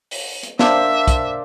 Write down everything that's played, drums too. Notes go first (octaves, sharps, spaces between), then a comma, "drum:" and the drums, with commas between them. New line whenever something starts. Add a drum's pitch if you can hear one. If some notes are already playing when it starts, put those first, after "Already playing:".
drum: open hi-hat
drum: hi-hat
A#3 D4 C5 E5, drum: snare
drum: kick, hi-hat